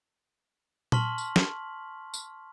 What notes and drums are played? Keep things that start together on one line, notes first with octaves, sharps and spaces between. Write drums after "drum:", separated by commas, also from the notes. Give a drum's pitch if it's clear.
A5 C6 C#6 F6 B6 F#7, drum: tom A#2
drum: tambourine
drum: snare
drum: tambourine